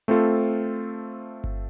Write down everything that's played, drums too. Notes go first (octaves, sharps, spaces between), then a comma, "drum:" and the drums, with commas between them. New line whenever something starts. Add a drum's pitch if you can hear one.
A3 C4 F4 A4 C5
drum: kick G1